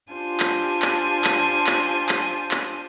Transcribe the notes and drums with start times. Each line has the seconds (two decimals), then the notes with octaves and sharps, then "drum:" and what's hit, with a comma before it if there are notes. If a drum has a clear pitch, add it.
0.12 D4 F4 G4 C5 G#5 A5
0.40 drum: clap
0.82 drum: clap
1.24 drum: clap
1.67 drum: clap
2.09 drum: clap
2.51 drum: clap